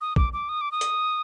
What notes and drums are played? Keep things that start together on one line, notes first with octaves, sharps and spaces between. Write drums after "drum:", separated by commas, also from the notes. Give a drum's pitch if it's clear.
D#6
D6, drum: kick
D6
D#6
D6
D#6
drum: hi-hat